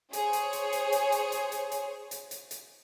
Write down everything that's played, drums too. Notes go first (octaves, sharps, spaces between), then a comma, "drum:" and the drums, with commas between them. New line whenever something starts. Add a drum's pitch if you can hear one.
G#4 C5 C#5, drum: hi-hat
drum: hi-hat
drum: hi-hat
drum: hi-hat
drum: hi-hat
drum: hi-hat
drum: hi-hat
drum: hi-hat
drum: hi-hat
drum: hi-hat
drum: hi-hat
drum: hi-hat